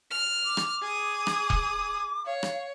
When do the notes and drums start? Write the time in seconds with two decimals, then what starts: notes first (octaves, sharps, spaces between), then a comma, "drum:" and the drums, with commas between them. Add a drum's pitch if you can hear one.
0.11 F6
0.45 D6
0.57 drum: rim click
0.82 G#4 D#6
1.27 drum: rim click
1.50 drum: kick E1
2.26 C#5 F5
2.43 drum: rim click